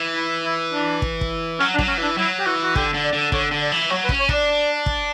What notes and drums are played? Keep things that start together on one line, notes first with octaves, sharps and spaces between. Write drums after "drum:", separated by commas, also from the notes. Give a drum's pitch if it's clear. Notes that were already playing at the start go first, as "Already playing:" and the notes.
Already playing: E3
E4
E4
D4
drum: kick
drum: kick
F#3 C#4
D4
F#3, drum: kick
C#4
E3
D4
F#3 E4
G4
E3 F#4
F#4
D3 G4, drum: kick
D3
D5
D3
D3 C#5, drum: kick
D3
D5
E3
F#3 C#5
B4
C#4, drum: kick
C#5
D4 D5, drum: kick
drum: kick